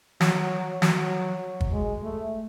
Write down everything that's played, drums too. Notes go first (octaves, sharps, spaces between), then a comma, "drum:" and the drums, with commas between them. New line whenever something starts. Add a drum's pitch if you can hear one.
F#3, drum: snare
F#3, drum: snare
drum: kick
G#3
A3